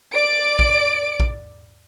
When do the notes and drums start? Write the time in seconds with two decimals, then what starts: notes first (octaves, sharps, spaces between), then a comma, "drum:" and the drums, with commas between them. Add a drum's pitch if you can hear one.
0.13 D5 D7
0.59 drum: kick
1.20 drum: kick